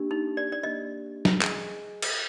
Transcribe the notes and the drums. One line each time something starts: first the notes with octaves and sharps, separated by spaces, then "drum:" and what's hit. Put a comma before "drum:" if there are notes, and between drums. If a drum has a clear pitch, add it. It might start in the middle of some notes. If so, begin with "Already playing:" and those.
Already playing: A#3 D4 G4
D#4
D5
D5
A#3 D4 G4 D#5
drum: snare
G#4 D#5 G#5, drum: clap
drum: cymbal